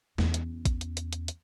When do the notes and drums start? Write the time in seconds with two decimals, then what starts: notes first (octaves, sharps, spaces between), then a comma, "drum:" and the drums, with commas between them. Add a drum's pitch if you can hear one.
0.18 E2 C#4, drum: snare
0.34 drum: hi-hat
0.65 drum: kick A1, hi-hat
0.81 drum: hi-hat
0.97 drum: hi-hat
1.13 drum: hi-hat
1.28 drum: hi-hat